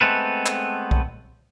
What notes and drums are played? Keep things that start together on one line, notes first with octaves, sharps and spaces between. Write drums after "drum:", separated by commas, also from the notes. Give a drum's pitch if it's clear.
G#3 A3 B3 C4 A4 B4
drum: clap
drum: kick B1